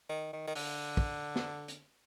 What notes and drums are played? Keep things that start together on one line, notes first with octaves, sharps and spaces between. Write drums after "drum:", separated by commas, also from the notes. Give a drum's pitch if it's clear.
D#3
D#3
D#3
D3, drum: open hi-hat
drum: kick
drum: snare
drum: hi-hat